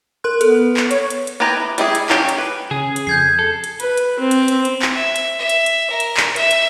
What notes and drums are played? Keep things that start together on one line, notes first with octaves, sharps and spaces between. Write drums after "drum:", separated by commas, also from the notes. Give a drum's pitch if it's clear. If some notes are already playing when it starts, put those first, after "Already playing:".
A#4 C6 F#6
B3 A4, drum: hi-hat
drum: clap
C#5, drum: hi-hat
drum: hi-hat
drum: hi-hat
B3 G4 B4 G#5 A#5
E3
G3 E4 G#4, drum: hi-hat
drum: hi-hat
F#3 C#4 G4 F5, drum: clap
drum: hi-hat
B4
C#3 G#4
drum: hi-hat
F2 G6 G#6 C7
A4
drum: hi-hat
B4, drum: hi-hat
drum: hi-hat
C4
drum: hi-hat
drum: hi-hat
drum: hi-hat
drum: clap
E5
drum: hi-hat
E5
drum: hi-hat
drum: hi-hat
A#4
drum: hi-hat
drum: clap
E5, drum: hi-hat
drum: hi-hat